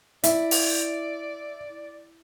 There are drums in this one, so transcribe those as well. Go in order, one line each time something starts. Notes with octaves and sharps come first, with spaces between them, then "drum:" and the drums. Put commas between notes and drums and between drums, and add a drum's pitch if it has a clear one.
E4 D5 E5, drum: hi-hat
drum: open hi-hat